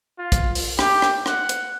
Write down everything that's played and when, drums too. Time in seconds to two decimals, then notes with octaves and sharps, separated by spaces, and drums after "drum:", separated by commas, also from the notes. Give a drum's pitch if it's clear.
0.18 F4
0.32 drum: kick, hi-hat
0.55 drum: open hi-hat
0.79 G4, drum: rim click
1.02 drum: rim click
1.26 F#5, drum: rim click
1.49 drum: hi-hat